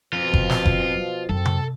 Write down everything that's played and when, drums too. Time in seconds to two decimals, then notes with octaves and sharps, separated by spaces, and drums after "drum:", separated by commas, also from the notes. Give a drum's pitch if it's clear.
0.13 F2 B2 F3 F4
0.34 drum: kick F#1
0.49 drum: snare
0.65 drum: kick F#1
1.29 F#2 C4 A4
1.45 drum: tom C3